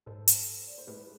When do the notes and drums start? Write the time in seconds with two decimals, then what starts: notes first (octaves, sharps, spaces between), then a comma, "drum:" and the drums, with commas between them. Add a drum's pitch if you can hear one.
0.06 G#2 A4 C5
0.28 drum: hi-hat
0.67 D5
0.78 C5
0.87 A2 G#4 B4
1.01 B4